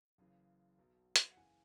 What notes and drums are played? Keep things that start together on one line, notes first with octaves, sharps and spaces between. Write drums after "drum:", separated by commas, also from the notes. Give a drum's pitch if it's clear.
F#1 F#2 C#3 E3
B1 B2 F#3
drum: hi-hat
F#5
F#1 F#2 E3 G#5